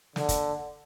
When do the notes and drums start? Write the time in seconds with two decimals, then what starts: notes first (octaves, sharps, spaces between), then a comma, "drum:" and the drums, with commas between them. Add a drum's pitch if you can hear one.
0.16 D3, drum: snare
0.29 drum: kick, hi-hat